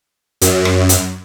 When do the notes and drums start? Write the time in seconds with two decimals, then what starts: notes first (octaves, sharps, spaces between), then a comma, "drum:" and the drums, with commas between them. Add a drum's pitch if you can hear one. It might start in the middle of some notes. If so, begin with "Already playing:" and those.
0.41 F#2, drum: hi-hat
0.65 drum: rim click
0.89 drum: hi-hat